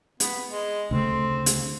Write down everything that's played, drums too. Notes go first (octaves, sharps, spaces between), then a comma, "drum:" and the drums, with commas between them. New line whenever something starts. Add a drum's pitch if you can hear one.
B3, drum: hi-hat
G#3
D2 C#3 A3 C4
drum: hi-hat